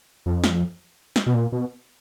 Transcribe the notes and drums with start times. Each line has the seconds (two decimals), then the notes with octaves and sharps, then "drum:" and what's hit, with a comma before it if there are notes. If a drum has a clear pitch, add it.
0.26 F2
0.44 drum: snare
1.16 drum: snare
1.26 B2
1.34 A#2
1.52 B2